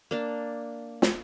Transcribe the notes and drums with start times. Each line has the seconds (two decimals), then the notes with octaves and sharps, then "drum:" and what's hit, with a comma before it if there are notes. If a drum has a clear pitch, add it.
0.11 A#3 D4
1.02 drum: snare